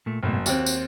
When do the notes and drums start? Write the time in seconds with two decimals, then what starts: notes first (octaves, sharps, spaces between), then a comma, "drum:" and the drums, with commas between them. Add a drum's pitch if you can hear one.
0.06 A#2 A3
0.23 F#1 G#2 B2 A3
0.46 D#2 C4 F#4, drum: tambourine
0.66 drum: tambourine